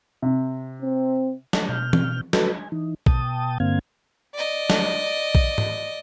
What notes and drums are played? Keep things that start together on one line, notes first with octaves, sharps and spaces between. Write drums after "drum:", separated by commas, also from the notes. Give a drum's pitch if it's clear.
C3
C4
drum: snare
B2 F6 G6
drum: tom E3
F#4 A4 B4, drum: snare
G#5
E3 D#4
B2 G5 A5 D#6, drum: kick A#1
G2 D3 A#3 C4 F5 G#6
D5 D#5
drum: snare
drum: kick A#1
drum: tom G#2